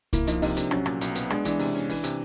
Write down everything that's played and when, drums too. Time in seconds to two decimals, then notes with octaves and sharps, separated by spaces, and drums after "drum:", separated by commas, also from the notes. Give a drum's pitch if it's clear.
0.13 A#3 E4, drum: kick C2, hi-hat
0.27 F3 D#4, drum: hi-hat
0.42 C3 D#4, drum: open hi-hat
0.56 C3 D4, drum: hi-hat
0.71 F#3 C#4, drum: rim click
0.86 A#2, drum: rim click
1.01 B1, drum: hi-hat
1.15 B3, drum: hi-hat
1.30 G#3 D4, drum: rim click
1.45 E3 D4, drum: hi-hat
1.59 C3, drum: open hi-hat
1.74 C#4
1.89 E3 D4, drum: open hi-hat
2.04 C3, drum: hi-hat